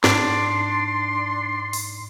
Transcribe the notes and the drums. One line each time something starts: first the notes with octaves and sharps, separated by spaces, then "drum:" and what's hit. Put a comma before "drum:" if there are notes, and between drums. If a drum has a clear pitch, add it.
G#2 D4 C6, drum: snare
drum: open hi-hat